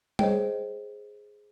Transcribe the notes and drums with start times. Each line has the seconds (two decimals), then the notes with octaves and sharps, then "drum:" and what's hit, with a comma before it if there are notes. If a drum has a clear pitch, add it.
0.19 G#4 C5 C#5 D#5 G5, drum: tom G3